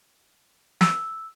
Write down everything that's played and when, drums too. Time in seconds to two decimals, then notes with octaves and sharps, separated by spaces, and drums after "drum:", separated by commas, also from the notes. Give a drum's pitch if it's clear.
0.81 E6, drum: snare